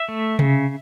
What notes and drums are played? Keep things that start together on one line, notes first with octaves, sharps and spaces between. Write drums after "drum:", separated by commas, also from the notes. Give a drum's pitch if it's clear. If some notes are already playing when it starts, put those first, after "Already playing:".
Already playing: E5
A3
C#3, drum: tom C3